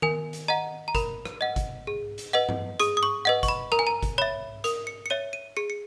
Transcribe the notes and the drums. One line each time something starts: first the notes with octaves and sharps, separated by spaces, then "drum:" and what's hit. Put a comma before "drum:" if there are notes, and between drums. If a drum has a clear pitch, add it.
A#4 G#5, drum: tom D#3
drum: hi-hat
D#5 F#5 A#5
A#5
A#4 B5, drum: kick G#1, hi-hat
drum: rim click
D#5 F#5
drum: kick G#1, hi-hat
G#4
drum: hi-hat
B4 D#5 F#5
drum: tom G2
G#4 D#6, drum: hi-hat
D#6
C#6
B4 D#5 F#5
C#6, drum: kick G#1, hi-hat
B5
A#4 A#5, drum: rim click
G#5
A#5
drum: kick G#1, hi-hat
C#5 E5 B5
A#4 D#6, drum: hi-hat
C#7
C#7
C#5 E5 D#7
D#7
G#4 C#7
C#7